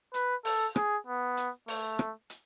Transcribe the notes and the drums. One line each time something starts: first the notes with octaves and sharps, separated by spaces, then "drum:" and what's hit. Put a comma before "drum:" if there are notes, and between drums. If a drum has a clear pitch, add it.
B4, drum: hi-hat
A4, drum: open hi-hat
G#4, drum: rim click
B3
drum: hi-hat
A3, drum: open hi-hat
drum: rim click
drum: hi-hat